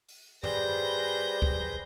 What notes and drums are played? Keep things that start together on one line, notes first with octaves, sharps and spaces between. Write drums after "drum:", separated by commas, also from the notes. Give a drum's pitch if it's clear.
drum: open hi-hat
G3 G#4 B4 C5 G6 A#6, drum: tom
drum: kick C#2